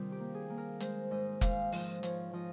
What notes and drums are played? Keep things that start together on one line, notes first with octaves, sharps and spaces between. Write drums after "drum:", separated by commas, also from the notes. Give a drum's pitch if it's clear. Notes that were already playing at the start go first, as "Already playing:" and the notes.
Already playing: C3 D#3 G3 C4 D#4 F4
G4
A#3
G#4
A#3
A#4
G#3 C5, drum: hi-hat
G#2 D#5
G#2 F5, drum: kick F1, hi-hat
F3 D#5, drum: open hi-hat
F3 C#5, drum: hi-hat
F3 D#5